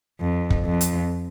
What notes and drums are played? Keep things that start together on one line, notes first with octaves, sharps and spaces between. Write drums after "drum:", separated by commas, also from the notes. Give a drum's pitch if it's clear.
F2
drum: kick
F2
drum: hi-hat